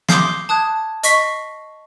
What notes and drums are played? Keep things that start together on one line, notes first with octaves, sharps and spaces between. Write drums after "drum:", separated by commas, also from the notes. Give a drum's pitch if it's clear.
C6 D6 D#6 G6 C7, drum: snare
A5 D#6 F#6 G#6
D#5 C#6 B6 C7, drum: hi-hat